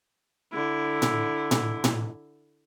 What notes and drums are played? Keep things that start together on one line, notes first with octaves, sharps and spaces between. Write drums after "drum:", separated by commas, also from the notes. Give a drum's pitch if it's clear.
D3 E4
drum: tom A2
drum: tom A2
drum: tom A2